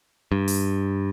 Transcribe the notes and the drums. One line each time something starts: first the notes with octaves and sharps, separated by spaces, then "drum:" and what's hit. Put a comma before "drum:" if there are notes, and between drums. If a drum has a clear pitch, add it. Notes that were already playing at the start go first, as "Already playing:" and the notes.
G2
drum: open hi-hat